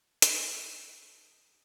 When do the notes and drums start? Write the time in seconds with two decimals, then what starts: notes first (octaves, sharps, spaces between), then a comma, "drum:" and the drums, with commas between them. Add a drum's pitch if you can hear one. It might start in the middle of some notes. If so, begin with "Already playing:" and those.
0.22 A5, drum: hi-hat
1.16 D#4 G4